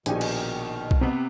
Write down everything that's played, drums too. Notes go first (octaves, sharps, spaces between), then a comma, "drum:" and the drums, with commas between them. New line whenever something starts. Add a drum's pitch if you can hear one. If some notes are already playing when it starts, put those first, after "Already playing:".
A#1 B2 D#3 D#4 G4 G#5, drum: hi-hat
drum: cymbal
drum: kick B1
C3 B3 C4